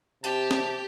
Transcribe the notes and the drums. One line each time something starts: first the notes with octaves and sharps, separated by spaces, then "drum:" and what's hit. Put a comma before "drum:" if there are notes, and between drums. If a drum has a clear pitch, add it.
C3 G4 A5, drum: hi-hat
drum: snare